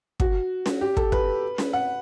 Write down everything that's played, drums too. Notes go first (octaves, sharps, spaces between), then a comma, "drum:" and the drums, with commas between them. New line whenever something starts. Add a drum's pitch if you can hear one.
F#4, drum: kick
drum: snare C#4
G4
A4, drum: kick
B4, drum: kick
drum: snare C#4
F#5